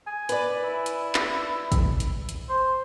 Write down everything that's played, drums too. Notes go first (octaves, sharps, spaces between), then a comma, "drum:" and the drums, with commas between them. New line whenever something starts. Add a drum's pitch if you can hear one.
G#5
B4 D5, drum: hi-hat
E4
drum: hi-hat
drum: clap
drum: kick, hi-hat
drum: hi-hat
drum: hi-hat
C5